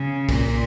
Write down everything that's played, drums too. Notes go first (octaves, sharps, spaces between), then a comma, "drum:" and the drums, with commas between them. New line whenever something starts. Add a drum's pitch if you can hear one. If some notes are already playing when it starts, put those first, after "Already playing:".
Already playing: C#3
A#2, drum: kick, open hi-hat